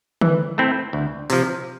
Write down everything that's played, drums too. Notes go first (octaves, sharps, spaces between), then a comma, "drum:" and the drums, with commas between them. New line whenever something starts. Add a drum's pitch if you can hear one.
E3, drum: tom D3
A3 C4 E4
D2
C3 F3, drum: open hi-hat